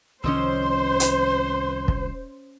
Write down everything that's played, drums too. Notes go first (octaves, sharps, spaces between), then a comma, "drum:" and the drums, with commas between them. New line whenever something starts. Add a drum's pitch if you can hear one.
C2 D#3 F3 C#4 C5 D#5 C6 E6
drum: hi-hat
drum: kick